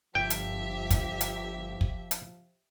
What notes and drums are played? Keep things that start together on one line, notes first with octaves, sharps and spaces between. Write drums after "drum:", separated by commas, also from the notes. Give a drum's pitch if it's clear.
G1 F3 G4 E5 G5
drum: hi-hat
drum: kick, hi-hat
drum: hi-hat
drum: kick
drum: hi-hat